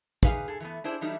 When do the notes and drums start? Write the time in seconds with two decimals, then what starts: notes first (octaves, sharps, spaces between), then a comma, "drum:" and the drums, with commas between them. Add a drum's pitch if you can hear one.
0.23 D#4 G4 G#4 B4 F5, drum: kick
0.48 G#4 A4
0.60 E3 A3 B3
0.84 D4 E4 G#4 C5
1.01 E3 F#3 G3 A3 D4 D#4